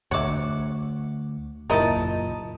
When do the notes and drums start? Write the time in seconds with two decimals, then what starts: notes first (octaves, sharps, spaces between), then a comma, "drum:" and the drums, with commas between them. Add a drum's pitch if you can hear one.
0.11 D2 C#5 E5 F#5 D6, drum: kick
1.70 F#1 A#2 D#4 E4 A#4 D#5 A5
1.82 drum: kick